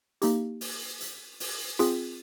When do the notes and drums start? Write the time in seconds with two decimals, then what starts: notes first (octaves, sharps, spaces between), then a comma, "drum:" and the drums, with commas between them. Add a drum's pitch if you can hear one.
0.22 A#3 D#4 G4, drum: hi-hat
0.61 drum: open hi-hat
1.00 drum: hi-hat
1.40 drum: open hi-hat
1.79 C4 F4 G#4, drum: hi-hat